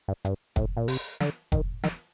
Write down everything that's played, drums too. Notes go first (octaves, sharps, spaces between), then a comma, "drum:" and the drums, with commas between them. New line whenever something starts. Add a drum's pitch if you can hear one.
G2
G2, drum: hi-hat
A2, drum: kick F1, hi-hat
A#2
C3, drum: open hi-hat
D3, drum: snare
D#3, drum: kick F1, hi-hat
D#3, drum: snare